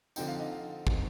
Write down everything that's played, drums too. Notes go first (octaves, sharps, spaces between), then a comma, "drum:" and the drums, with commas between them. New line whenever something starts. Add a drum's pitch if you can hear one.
D3 F3 C4 D#4 G5, drum: tambourine
F5
D#5
F5
G3 C4 D#4, drum: kick